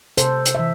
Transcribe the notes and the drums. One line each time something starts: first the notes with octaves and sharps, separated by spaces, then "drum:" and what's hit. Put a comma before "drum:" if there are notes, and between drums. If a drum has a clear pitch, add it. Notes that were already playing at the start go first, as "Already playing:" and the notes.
C3 A4 C5, drum: hi-hat
drum: hi-hat
E5
E3